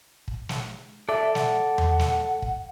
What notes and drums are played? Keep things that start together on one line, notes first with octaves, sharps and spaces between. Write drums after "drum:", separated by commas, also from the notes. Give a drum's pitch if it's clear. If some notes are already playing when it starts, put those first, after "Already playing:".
drum: kick
drum: snare
A4 D5 E5
F#5, drum: snare
drum: tom E2
drum: snare
drum: kick